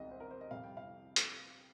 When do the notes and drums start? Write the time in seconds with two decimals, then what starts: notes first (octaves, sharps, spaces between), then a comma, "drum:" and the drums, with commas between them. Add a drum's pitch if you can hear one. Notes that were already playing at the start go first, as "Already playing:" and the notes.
Already playing: C2 C3 D#3 G#3 D#5
0.11 C5
0.20 A#4
0.31 C5
0.41 D#5
0.50 F2 C3 G3 F5
0.64 G5
0.77 F5
1.16 drum: hi-hat